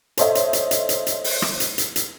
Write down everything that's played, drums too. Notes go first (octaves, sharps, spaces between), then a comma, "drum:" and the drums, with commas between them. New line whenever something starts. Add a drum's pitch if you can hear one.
A4 C5 C#5 D#5 E5, drum: hi-hat
drum: hi-hat
drum: hi-hat
drum: hi-hat
drum: hi-hat
drum: hi-hat
drum: open hi-hat
drum: rim click
drum: hi-hat
drum: hi-hat
drum: hi-hat